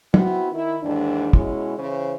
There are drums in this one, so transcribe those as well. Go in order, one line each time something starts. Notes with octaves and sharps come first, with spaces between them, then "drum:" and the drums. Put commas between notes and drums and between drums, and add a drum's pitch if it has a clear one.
B3 C4 E4 F#4, drum: tom
D#3 E4
D#2 G#2 E3 D4
B2 G#3 C#4 E4, drum: kick
C#3 E3 C#4 C5